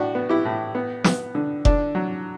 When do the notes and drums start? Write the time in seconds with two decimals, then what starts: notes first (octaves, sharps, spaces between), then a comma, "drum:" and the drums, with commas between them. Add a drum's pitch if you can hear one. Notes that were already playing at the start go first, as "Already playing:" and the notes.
Already playing: A2 D4 F#4
0.15 B3
0.29 E4 G4
0.45 A2
0.75 B3
1.04 B3, drum: snare
1.35 D3
1.65 D3 D4, drum: kick F1
1.95 F#3